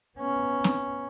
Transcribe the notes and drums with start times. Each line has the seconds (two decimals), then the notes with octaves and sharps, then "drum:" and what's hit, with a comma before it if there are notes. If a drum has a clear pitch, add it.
0.18 B3 C#4
0.64 drum: snare C4